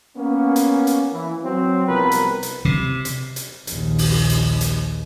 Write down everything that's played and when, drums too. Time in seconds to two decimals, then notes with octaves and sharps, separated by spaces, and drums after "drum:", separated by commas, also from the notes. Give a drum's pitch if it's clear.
0.16 A#3 B3 C#4
0.56 drum: hi-hat
0.87 drum: hi-hat
1.12 E3
1.44 F#3 C4
1.87 C2 F3 B3 A#4 B4
2.12 drum: hi-hat
2.43 drum: hi-hat
2.65 C3
3.05 drum: hi-hat
3.36 drum: hi-hat
3.67 A#1 D#2, drum: hi-hat
3.98 drum: open hi-hat
4.30 drum: hi-hat
4.61 drum: hi-hat